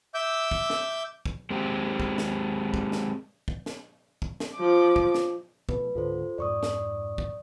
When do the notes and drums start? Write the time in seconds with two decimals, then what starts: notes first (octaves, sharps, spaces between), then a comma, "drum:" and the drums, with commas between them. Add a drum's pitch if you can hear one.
0.14 E5 D6 E6 G6
0.51 drum: kick
0.70 drum: snare
1.26 drum: kick
1.50 G#3 C4 G4
2.00 drum: kick
2.18 drum: snare
2.74 drum: kick
2.92 drum: snare
3.48 drum: kick
3.66 drum: snare
4.22 drum: kick
4.40 drum: snare
4.55 F3 D6
4.96 drum: kick
5.14 drum: snare
5.69 B2 F3 A3 B4, drum: kick
5.95 C#2 G#2 D3 F4 A4 C5
6.38 F2 G#2 D5 C#6 D#6
6.63 drum: snare
7.18 drum: kick